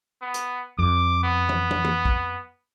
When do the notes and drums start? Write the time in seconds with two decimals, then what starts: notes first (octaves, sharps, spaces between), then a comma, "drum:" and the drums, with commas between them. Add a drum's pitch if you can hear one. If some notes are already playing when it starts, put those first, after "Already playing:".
0.22 B3
0.34 drum: hi-hat
0.79 F2 D6
1.23 B3
1.49 drum: tom
1.71 drum: tom
1.85 drum: tom
2.05 drum: kick